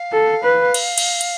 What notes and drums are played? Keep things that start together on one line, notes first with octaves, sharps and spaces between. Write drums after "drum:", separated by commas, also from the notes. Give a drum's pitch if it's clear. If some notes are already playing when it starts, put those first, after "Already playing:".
Already playing: F5
A4
B4
drum: cymbal
drum: cymbal
drum: cymbal